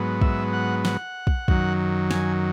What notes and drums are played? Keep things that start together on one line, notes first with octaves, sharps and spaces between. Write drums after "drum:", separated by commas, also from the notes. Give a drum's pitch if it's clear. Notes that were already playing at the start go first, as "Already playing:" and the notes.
Already playing: G#2 F#3 B3
E5, drum: kick
F#5
F#5, drum: snare
drum: kick
F#2 D#3 F#3, drum: kick
G#5, drum: snare